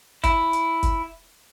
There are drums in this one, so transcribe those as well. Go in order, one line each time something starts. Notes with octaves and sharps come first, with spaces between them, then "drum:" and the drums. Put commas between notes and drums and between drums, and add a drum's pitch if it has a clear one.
E4, drum: kick G1, hi-hat
drum: hi-hat
drum: kick G1, hi-hat